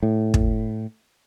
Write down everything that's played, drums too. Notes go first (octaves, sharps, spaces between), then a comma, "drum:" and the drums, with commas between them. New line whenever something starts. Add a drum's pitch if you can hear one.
A2
drum: kick